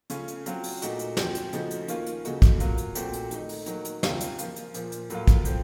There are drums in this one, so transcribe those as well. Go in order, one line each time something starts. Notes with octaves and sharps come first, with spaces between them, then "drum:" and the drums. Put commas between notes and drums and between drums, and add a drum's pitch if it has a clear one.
C#3 A3 C#4 F4, drum: hi-hat
drum: hi-hat
F#3 C4 F4, drum: hi-hat
drum: open hi-hat
A#2 A3 D#4 F#4, drum: hi-hat
drum: hi-hat
F3 C4 F#4, drum: snare
drum: hi-hat
C#3 F3 A3 D#4 F#4, drum: hi-hat
drum: hi-hat
D#3 A#3 C#4 F4, drum: hi-hat
drum: hi-hat
C#3 A3 D#4 F#4, drum: hi-hat
drum: kick, hi-hat
F#3 A#3 F4, drum: hi-hat
drum: hi-hat
A#2 A3 C4 F#4, drum: hi-hat
drum: hi-hat
D#3 A3 D#4, drum: hi-hat
drum: open hi-hat
D#3 F#3 A#3 D#4, drum: hi-hat
drum: hi-hat
C#3 F#3 C4 F4, drum: snare
drum: hi-hat
F3 A#3 F4, drum: hi-hat
drum: hi-hat
A#2 F3 A#3, drum: hi-hat
drum: hi-hat
A2 F#3 A#3 F4, drum: hi-hat
drum: kick, hi-hat
F3 A3 C4, drum: hi-hat